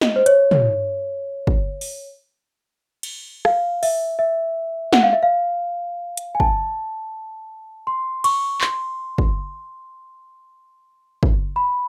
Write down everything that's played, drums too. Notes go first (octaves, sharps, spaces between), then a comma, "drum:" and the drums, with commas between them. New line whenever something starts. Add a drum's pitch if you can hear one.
D#5, drum: snare
C5
C#5, drum: hi-hat
C#5, drum: tom
drum: kick
drum: open hi-hat
drum: cymbal
F5, drum: rim click
E5, drum: open hi-hat
E5
F#5, drum: snare
F5
E5
F5
drum: hi-hat
G#5
A5, drum: kick
C6
C#6, drum: cymbal
C6, drum: clap
drum: kick
drum: kick
B5